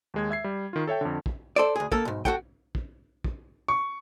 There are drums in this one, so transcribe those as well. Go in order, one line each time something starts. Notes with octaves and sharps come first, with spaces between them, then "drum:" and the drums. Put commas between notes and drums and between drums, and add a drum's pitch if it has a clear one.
D#2 G#3 G#6
E5 G#6 C7
G3
D#3 F4
A4 C#5 E5 G5
F2 D3
drum: kick
A4 C5 D5
D2 G#4
A#3 A4, drum: kick
B1 G#2
F#4 A4 F#5 G5, drum: kick
drum: kick
drum: kick
C#6